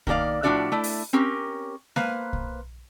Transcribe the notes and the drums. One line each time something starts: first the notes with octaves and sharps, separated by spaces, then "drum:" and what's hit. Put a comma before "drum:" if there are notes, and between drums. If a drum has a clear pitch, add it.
D#3 A#3 G#4 D5 F5, drum: kick B1
A2 F3 D4 F#4 D5 E5
A3 E4 D5
drum: open hi-hat
C4 C#4 G4 A#4
A#3 B4 C5 F5, drum: snare G#3
drum: kick B1